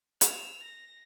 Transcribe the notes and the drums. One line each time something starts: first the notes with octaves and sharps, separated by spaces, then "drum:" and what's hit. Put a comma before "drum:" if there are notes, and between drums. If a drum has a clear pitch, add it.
E6 F7, drum: hi-hat
A#6